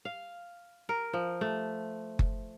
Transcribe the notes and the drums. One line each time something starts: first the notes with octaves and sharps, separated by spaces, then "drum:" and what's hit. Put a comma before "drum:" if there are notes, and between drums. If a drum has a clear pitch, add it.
F5
A#4
F3
A3
drum: kick F#1